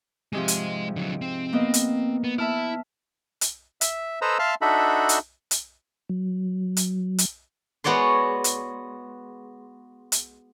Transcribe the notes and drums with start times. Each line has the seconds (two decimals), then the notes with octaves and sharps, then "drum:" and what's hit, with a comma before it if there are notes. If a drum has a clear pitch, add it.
0.33 G#2 C3 F3 G#3 D#5
0.48 drum: hi-hat
0.96 D3 F#3
1.21 C4
1.53 A#3 B3 D#5
1.74 drum: hi-hat
2.24 B3
2.38 E4 E5 A5 F6
3.41 drum: hi-hat
3.81 E5, drum: hi-hat
4.22 A4 B4 C5 D#5 A#5 E6
4.39 E5 F5 A5 C6 F6
4.62 D4 D#4 F#4 A4 E5 B5
5.09 drum: hi-hat
5.51 drum: hi-hat
6.09 F#3
6.77 drum: hi-hat
7.18 drum: hi-hat
7.84 G#3 B3 F#4 C#5 D5 C6
8.44 drum: hi-hat
10.12 drum: hi-hat